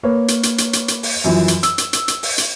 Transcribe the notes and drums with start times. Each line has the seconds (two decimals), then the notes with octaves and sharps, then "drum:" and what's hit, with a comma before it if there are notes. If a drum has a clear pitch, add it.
0.03 A#3 B4 C#5
0.28 drum: hi-hat
0.43 drum: hi-hat
0.58 drum: hi-hat
0.73 drum: hi-hat
0.88 drum: hi-hat
1.03 drum: open hi-hat
1.24 F#2 E3 F3
1.48 drum: hi-hat
1.63 E6, drum: hi-hat
1.78 drum: hi-hat
1.93 drum: hi-hat
2.08 drum: hi-hat
2.23 drum: open hi-hat
2.38 drum: hi-hat